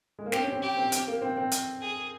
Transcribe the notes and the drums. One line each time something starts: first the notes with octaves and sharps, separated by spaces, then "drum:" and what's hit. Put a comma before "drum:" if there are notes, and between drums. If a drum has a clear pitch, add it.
G#3
A#3
C4 G4, drum: snare
C#4
C4
G4
C4
C4, drum: hi-hat
A#3
C4
C4
drum: hi-hat
G#4